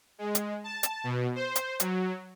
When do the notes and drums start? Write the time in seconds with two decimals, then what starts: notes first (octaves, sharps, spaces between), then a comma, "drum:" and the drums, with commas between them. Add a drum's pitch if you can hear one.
0.19 G#3
0.35 drum: hi-hat
0.64 A5
0.83 drum: hi-hat
1.04 B2
1.35 C5
1.55 drum: hi-hat
1.80 F#3, drum: hi-hat